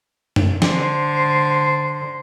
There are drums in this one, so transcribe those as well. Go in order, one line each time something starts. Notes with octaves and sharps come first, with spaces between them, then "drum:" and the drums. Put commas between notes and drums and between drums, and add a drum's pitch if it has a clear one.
drum: tom F#2
D3 C5, drum: snare